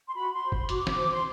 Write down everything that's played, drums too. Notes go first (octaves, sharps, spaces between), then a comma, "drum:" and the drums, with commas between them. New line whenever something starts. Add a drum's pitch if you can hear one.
C6
F#4 B5
C6
C5
C6, drum: kick F#1
F#4 D6, drum: hi-hat
drum: snare
C5
C6